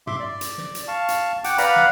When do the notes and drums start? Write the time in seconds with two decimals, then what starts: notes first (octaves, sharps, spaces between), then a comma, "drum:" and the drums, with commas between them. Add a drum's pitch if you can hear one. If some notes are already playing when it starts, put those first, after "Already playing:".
0.07 E5 C6 D6, drum: tom
0.20 D5
0.41 drum: hi-hat
0.58 drum: snare
0.75 drum: hi-hat
0.88 F5 A5 C#6
1.08 drum: hi-hat
1.44 F#5 G5 D6, drum: hi-hat
1.58 B4 D5 F5 F#5 A#5 B5, drum: hi-hat
1.76 drum: snare